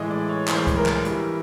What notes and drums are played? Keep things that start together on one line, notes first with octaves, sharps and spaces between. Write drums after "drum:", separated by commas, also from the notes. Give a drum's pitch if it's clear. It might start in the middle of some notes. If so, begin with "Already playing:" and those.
Already playing: A2 E3 G#3 D#5
D5
C#5
A2 E3 G#3 C5, drum: clap
drum: kick C2, hi-hat
A#4
drum: clap
G2 E3 G3, drum: hi-hat